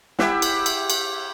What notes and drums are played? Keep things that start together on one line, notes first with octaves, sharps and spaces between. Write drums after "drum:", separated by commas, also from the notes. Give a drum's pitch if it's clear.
E4 G4 E5 F#5, drum: snare
drum: cymbal
drum: cymbal
drum: cymbal